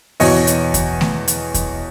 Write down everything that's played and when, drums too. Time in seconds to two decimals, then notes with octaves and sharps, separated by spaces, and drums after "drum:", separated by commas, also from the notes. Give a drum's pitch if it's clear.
0.20 E2 B2 C#5 D#5, drum: open hi-hat
0.47 drum: hi-hat
0.74 drum: kick E2, hi-hat
1.01 drum: snare A3
1.28 drum: hi-hat
1.54 drum: kick E2, hi-hat